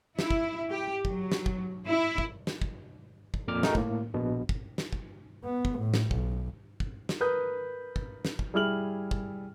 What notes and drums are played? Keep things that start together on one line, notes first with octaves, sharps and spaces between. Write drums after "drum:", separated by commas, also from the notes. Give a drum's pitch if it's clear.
E4, drum: snare
drum: kick
G4
F#3, drum: kick
drum: snare
drum: kick
E4
drum: kick
drum: snare
drum: kick
drum: kick
F2 A#2 D6 F6
A3 D#4 F#4 G#4 A#4, drum: snare
A2 A#3, drum: kick
A#1 B2
drum: kick
drum: snare
drum: kick
B3
drum: kick
A2
drum: snare
B1, drum: kick
drum: kick
drum: snare
A#4 B4 D#6 G6
drum: kick
drum: snare
drum: kick
G3 E4 G#4 F6 F#7
drum: kick